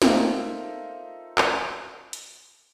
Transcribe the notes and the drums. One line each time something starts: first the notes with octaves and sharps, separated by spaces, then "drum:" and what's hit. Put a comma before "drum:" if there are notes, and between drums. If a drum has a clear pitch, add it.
D#4 F4 A4 A#4 C5 E5, drum: snare
drum: clap
drum: hi-hat